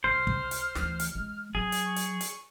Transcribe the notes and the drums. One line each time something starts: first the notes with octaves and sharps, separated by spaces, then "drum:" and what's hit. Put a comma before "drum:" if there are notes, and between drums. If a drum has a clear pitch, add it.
C2 C5 F6
drum: kick
drum: hi-hat
D2 E3, drum: snare
drum: hi-hat
G#3
F#3 G#4
drum: hi-hat
C#6
drum: hi-hat
drum: hi-hat